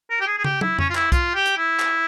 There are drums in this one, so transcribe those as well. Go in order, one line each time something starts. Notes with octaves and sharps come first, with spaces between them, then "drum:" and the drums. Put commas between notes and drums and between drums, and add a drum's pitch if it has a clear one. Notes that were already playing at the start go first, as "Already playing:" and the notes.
A#4
G4
G#4
G#4
G4, drum: tom
E4, drum: tom
C#4, drum: tom F2
F4
E4, drum: clap
F4, drum: kick B1, hi-hat
G4
drum: hi-hat
E4
drum: clap